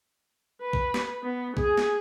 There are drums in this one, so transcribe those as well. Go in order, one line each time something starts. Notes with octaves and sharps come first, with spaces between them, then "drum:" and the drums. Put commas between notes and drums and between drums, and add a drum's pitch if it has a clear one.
B4
drum: kick
drum: snare
B3
G#4, drum: kick
drum: snare